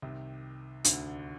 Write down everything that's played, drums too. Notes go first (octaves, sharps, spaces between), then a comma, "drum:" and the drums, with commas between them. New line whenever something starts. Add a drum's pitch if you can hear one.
C2 C3 D#3
D2 D3, drum: hi-hat